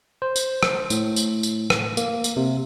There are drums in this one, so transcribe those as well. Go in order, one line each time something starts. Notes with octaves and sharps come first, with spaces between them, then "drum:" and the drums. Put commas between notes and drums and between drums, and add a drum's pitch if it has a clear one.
C5
drum: tambourine
drum: rim click
A2, drum: tambourine
drum: tambourine
drum: tambourine
drum: rim click
A#3, drum: tambourine
drum: tambourine
C3